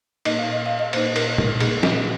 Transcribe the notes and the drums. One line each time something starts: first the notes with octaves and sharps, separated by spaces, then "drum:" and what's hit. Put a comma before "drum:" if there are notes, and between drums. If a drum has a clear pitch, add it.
A#2 A#3 D#4 D#5, drum: cymbal
F5
D#5
F5
D#5
A#2 A#3 D#4 C5, drum: cymbal
A#4, drum: cymbal
A#4, drum: tom
A#2 A#3 D#4 G#4, drum: cymbal
drum: snare